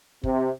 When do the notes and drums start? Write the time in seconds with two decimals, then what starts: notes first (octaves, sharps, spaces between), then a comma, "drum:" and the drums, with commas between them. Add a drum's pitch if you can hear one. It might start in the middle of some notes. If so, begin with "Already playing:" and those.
0.23 C3, drum: kick